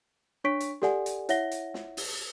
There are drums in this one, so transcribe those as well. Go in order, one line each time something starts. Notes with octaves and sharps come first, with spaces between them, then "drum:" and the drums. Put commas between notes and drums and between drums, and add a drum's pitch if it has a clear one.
D4 C#5 C#6 B6 D7
drum: hi-hat
G4 A4 D5 F#5 G#5, drum: snare
drum: hi-hat
E4 C#5 E5 F#5 A#6 G7, drum: hi-hat
drum: hi-hat
drum: snare
drum: open hi-hat